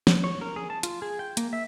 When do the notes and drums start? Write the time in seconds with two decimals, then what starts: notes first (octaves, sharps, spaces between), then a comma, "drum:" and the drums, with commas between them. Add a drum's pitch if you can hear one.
0.07 drum: snare
0.24 C#5
0.41 A#4
0.56 G#4
0.70 A5
0.83 F4, drum: hi-hat
1.02 G#4
1.19 G5
1.37 A#3, drum: hi-hat
1.53 E5